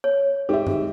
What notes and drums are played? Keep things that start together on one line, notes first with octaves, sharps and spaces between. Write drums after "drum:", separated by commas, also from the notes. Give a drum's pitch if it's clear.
C#5
G#2 G4 E5
drum: tom F#2